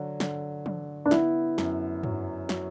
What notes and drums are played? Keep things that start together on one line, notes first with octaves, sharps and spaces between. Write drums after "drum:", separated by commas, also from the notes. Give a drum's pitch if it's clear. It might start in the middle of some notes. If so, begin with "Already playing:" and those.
Already playing: D3 F#3
D3, drum: snare
D3, drum: tom
D4
B3 E4, drum: snare
F#2, drum: snare
F#3, drum: tom G2
F#3, drum: snare